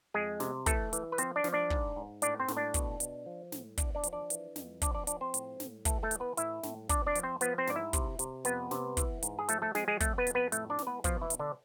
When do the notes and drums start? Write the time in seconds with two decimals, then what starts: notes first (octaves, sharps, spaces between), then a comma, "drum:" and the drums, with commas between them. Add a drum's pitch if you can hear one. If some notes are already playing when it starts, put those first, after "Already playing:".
0.14 F2 G#3 G#4
0.40 C3, drum: snare
0.66 E3 A3 A4, drum: kick, hi-hat
0.93 E3, drum: hi-hat
1.12 B4
1.18 F3 C4 C5, drum: hi-hat
1.36 D4 D5
1.44 F3, drum: snare
1.53 D4 D5
1.70 G#2, drum: kick
1.96 G#2
2.22 A2 D4 D5, drum: hi-hat
2.40 C4 C5
2.48 A2, drum: snare
2.57 D4 D5
2.74 B2, drum: kick, hi-hat
3.00 B2, drum: hi-hat
3.26 F3
3.52 A2, drum: snare
3.78 E2 D4 D5, drum: kick, hi-hat
3.95 D4 D5
4.03 F3, drum: hi-hat
4.13 D4 D5
4.30 E3, drum: hi-hat
4.56 F2, drum: snare
4.82 F3 D4 D5, drum: kick, hi-hat
4.95 D4 D5
5.07 F3 D4 D5, drum: hi-hat
5.21 C4 C5
5.34 A2, drum: hi-hat
5.60 A2, drum: snare
5.85 E3 A3 A4, drum: kick, hi-hat
6.03 A3 A4
6.11 E3, drum: hi-hat
6.20 B3 B4
6.37 A2 E4 E5, drum: hi-hat
6.63 A2, drum: snare
6.89 F2 D4 D5, drum: kick, hi-hat
7.06 D4 D5
7.15 F3, drum: hi-hat
7.23 C4 C5
7.41 F3 B3 B4, drum: hi-hat
7.58 C4 C5
7.67 G#2 D5, drum: snare
7.76 E4 E5
7.93 C3, drum: kick, hi-hat
8.19 C3, drum: hi-hat
8.45 F2 B3 B4, drum: hi-hat
8.71 C3, drum: snare
8.97 E3, drum: kick, hi-hat
9.23 G#2, drum: hi-hat
9.39 G#4
9.49 F3 A3 A4, drum: hi-hat
9.62 A3 A4
9.75 F3 G#3 G#4, drum: snare
9.88 G#3 G#4
10.00 F2 A3 A4, drum: kick, hi-hat
10.18 B3 B4
10.27 F2, drum: hi-hat
10.35 B3 B4
10.52 A2 A3 A4, drum: hi-hat
10.70 D4 D5
10.78 E3, drum: snare
10.87 B3 B4
11.04 B2 F3 F4, drum: kick, hi-hat
11.21 E3 E4
11.30 B2, drum: hi-hat
11.39 D3 D4